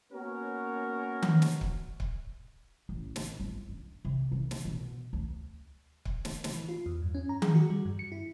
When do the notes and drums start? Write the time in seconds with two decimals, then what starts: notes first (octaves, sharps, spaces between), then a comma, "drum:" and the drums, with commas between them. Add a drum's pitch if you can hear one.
0.12 A#3 B3 C#4 F#4 A#4 C#5
1.22 drum: tom D#3
1.42 drum: snare
1.61 drum: kick C#1
2.00 drum: kick C#1
2.89 A1
3.16 drum: snare
3.40 G1
3.69 D4
4.05 C3
4.32 E3
4.51 drum: snare
4.65 B2
5.13 D2
6.05 drum: kick C#1
6.25 drum: snare
6.44 drum: snare
6.53 E3
6.69 F4
6.86 E2
7.02 G2
7.15 C#4
7.29 A#5
7.42 G#4, drum: tom D#3
7.55 F#4
7.70 G3
7.85 G2
7.99 C#7
8.12 E4